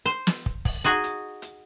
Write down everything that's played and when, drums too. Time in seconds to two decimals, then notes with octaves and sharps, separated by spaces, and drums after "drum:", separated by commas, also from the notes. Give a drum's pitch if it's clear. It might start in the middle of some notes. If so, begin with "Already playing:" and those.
0.06 C5
0.27 drum: snare
0.46 drum: kick
0.65 drum: kick, open hi-hat
0.84 D#4 F#4 G#4
1.04 drum: hi-hat
1.42 drum: hi-hat